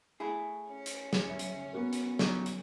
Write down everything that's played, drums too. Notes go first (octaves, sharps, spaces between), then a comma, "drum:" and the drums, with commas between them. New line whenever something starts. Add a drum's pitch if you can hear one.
A3 E4 G#4
C#4
drum: hi-hat
drum: snare
E5
drum: hi-hat
B3 F#4 A#4
drum: hi-hat
F#3 D#4, drum: snare
drum: hi-hat